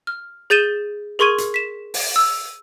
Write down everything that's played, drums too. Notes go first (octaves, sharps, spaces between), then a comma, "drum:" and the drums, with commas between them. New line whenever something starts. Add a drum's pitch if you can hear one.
F6
G#4 G6 A6 D#7 E7 G7
G#4 A#4 C6 C#6 G#6 D#7
drum: hi-hat
B6 E7
drum: open hi-hat
E6